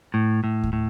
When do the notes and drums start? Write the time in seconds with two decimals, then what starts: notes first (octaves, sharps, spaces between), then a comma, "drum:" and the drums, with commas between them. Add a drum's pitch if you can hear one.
0.14 A2
0.44 A2
0.63 drum: kick D2
0.73 A2